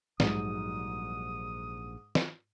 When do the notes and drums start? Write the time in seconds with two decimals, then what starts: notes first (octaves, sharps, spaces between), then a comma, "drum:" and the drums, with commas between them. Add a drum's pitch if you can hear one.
0.20 A#1 G#2 F#3 G3 D#6, drum: snare
2.15 drum: snare